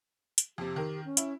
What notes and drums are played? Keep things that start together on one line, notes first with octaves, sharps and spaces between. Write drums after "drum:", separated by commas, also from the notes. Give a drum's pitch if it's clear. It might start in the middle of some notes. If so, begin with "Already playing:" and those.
drum: hi-hat
F2 C3 G4
D#3 A#4
C#4
E4, drum: hi-hat